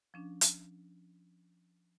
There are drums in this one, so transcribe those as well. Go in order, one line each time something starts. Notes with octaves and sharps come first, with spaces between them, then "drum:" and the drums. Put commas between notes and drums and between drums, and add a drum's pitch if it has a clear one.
F3 C#4 D4
drum: hi-hat